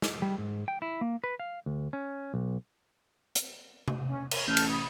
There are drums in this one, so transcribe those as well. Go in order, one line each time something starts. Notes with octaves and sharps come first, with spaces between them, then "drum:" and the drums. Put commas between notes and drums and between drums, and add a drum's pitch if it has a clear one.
drum: snare
G3
G#2
G5
E4
A#3
B4
F5
D2
C#4
B1
drum: hi-hat
drum: tom C3
C#4
A#4 C#5, drum: cymbal
A1 A4 F6 G6
drum: cymbal
B5 D#6